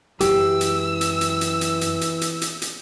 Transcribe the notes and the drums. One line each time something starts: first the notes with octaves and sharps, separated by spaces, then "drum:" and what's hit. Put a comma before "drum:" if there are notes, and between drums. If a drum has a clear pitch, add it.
F#2 E3 F#3 G#3 G4 E6, drum: hi-hat
drum: hi-hat
drum: hi-hat
drum: hi-hat
drum: hi-hat
drum: hi-hat
drum: hi-hat
drum: hi-hat
drum: hi-hat
drum: hi-hat
drum: hi-hat